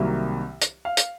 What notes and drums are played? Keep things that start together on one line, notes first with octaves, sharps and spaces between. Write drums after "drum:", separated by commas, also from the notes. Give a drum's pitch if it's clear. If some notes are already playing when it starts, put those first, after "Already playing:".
Already playing: C2 C3 D#3 F#3 A#3 E5
drum: hi-hat
F5
drum: hi-hat